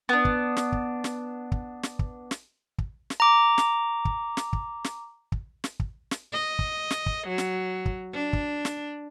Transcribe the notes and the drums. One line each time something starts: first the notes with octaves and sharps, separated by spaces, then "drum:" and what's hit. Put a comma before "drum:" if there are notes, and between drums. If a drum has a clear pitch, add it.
B3 D4
drum: kick
drum: snare
drum: kick
drum: snare
drum: kick
drum: snare
drum: kick
drum: snare
drum: kick
drum: snare
A#5 D6
drum: snare
drum: kick
drum: snare
drum: kick
drum: snare
drum: kick
drum: snare
drum: kick
drum: snare
D#5
drum: kick
drum: snare
drum: kick
F#3
drum: snare
drum: kick
D4
drum: kick
drum: snare